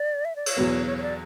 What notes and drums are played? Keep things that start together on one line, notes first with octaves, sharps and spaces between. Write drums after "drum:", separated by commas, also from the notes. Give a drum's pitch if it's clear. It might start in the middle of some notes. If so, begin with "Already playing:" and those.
Already playing: D5
E5
D5
C#5, drum: cymbal
E2 B2 F#3 B3
C#5
C#5
D5